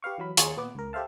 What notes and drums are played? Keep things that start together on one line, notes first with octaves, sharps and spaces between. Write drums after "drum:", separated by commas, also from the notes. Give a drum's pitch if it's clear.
G4 B4 F5 C#6
E3 F#3 B5
D#2 G#4 C#5 C6 A6 C#7, drum: hi-hat
A#2 B3 D6
C#2 A#4
G4 A4 C5 E5 F5 A5